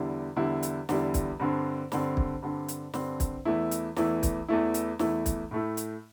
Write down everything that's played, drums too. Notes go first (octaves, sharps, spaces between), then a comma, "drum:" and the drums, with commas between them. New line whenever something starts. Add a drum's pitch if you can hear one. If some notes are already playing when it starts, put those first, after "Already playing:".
Already playing: E2 D3 G3 E4
E2 D3 G3 E4
drum: hi-hat
E2 D3 G3 E4, drum: snare
drum: kick, hi-hat
G2 D3 C4
G2 D3 C4, drum: snare
drum: kick
G2 D3 C4
drum: hi-hat
G2 D3 C4, drum: snare
drum: kick, hi-hat
E2 E3 A3 E4
drum: hi-hat
E2 E3 A3 E4, drum: snare
drum: kick, hi-hat
E2 E3 A3 E4
drum: hi-hat
E2 E3 A3 E4, drum: snare
drum: kick, hi-hat
A2 A3 E4
drum: hi-hat